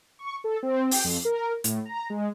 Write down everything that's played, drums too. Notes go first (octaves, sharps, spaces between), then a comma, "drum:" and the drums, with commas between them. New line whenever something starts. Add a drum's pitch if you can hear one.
C#6
A4
C4
G5, drum: open hi-hat
F2
A#4
A2, drum: hi-hat
A#5
G#3